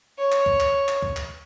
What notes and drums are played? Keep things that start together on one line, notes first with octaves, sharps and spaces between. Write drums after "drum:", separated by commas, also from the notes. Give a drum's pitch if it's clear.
C#5
drum: clap
drum: kick
drum: clap
drum: clap
drum: kick
drum: clap